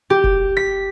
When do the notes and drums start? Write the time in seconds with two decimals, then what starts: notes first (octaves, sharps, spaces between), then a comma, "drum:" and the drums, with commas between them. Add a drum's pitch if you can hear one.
0.10 G4
0.24 drum: kick F1
0.57 B6